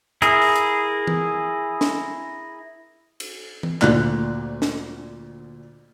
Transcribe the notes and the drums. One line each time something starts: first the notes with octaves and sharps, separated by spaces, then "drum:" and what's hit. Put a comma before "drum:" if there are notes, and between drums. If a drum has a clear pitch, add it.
E4 G#4 A#4, drum: hi-hat
drum: open hi-hat
drum: hi-hat
drum: tom E3
drum: snare
drum: cymbal
drum: tom E3
D2 A#2 F#6, drum: clap
drum: snare